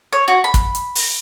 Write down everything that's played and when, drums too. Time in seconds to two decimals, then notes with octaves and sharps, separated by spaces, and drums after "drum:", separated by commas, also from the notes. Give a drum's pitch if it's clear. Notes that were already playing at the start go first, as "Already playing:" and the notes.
0.13 C#5
0.28 F#4
0.44 B5
0.54 drum: kick, hi-hat
0.75 drum: hi-hat
0.95 drum: open hi-hat